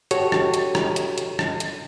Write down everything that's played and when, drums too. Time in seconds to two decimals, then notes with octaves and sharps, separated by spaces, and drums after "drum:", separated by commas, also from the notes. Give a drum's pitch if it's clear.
0.11 F#4 G4 A4 C#5, drum: hi-hat
0.32 drum: rim click
0.54 drum: hi-hat
0.75 drum: rim click
0.96 drum: hi-hat
1.18 drum: hi-hat
1.39 drum: rim click
1.60 drum: hi-hat